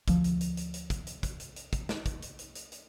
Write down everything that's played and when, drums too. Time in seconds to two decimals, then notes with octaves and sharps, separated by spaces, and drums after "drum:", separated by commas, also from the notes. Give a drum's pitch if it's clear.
0.08 D2 F3, drum: kick, hi-hat
0.24 drum: hi-hat
0.41 drum: hi-hat
0.57 drum: hi-hat
0.74 drum: hi-hat
0.90 drum: kick, hi-hat
1.07 drum: hi-hat
1.23 drum: kick, hi-hat
1.40 drum: hi-hat
1.56 drum: hi-hat
1.73 drum: kick, hi-hat
1.89 drum: snare
2.06 drum: kick, hi-hat
2.22 drum: hi-hat
2.39 drum: hi-hat
2.55 drum: hi-hat
2.72 drum: hi-hat